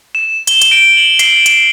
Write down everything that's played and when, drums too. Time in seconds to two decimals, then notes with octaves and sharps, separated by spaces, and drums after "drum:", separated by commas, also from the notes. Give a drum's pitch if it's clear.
0.15 E7
0.47 G7, drum: hi-hat
0.61 drum: hi-hat
0.71 D7
0.97 F#7
1.19 C7, drum: hi-hat
1.46 drum: hi-hat